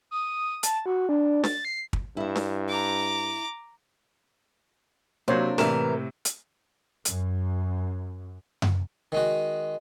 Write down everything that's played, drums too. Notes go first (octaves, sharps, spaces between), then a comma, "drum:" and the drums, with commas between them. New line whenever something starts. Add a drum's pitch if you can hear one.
D#6
A5, drum: hi-hat
F#4
D4
A6, drum: snare D4
C7
drum: kick
G2 E4 E5
drum: snare D4
A#5 D6
C3 F#3 A#3 D4 C5 C#5
A2 C3 E3 A#4 E7, drum: snare D4
drum: hi-hat
F#2, drum: hi-hat
drum: tom F#2
D#3 G#3 F#4